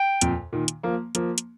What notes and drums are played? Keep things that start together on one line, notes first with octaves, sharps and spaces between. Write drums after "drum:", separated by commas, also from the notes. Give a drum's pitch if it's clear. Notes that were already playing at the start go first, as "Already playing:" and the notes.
Already playing: G5
F2 A#2, drum: hi-hat
A#2 D#3
drum: hi-hat
F3 A#3
F3 A#3, drum: hi-hat
drum: hi-hat